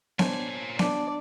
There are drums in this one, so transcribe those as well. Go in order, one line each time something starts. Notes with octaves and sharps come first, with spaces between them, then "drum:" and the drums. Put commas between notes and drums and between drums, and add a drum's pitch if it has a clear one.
A#2 D4 C5 C#5 G#5, drum: snare B3
D4 D5, drum: snare B3